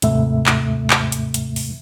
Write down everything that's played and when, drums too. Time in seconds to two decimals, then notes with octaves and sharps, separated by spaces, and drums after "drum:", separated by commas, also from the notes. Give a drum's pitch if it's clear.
0.02 D#2 G#2 C3 A3 E5, drum: hi-hat
0.46 drum: clap
0.90 drum: clap
1.12 drum: hi-hat
1.34 drum: hi-hat
1.56 drum: open hi-hat